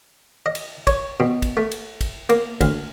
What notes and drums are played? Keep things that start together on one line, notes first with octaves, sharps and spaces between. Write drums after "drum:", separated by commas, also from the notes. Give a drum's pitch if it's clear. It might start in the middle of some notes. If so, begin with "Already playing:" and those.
D#5
drum: cymbal
C#5, drum: kick, cymbal
B2
drum: kick, cymbal
A3
drum: cymbal
drum: kick, cymbal
A#3, drum: cymbal
D2, drum: kick, cymbal